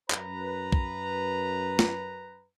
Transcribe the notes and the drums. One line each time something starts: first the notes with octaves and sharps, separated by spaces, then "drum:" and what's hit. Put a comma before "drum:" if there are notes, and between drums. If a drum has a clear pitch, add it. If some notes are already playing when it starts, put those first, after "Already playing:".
F#2 B4 A#5, drum: clap
drum: kick
drum: snare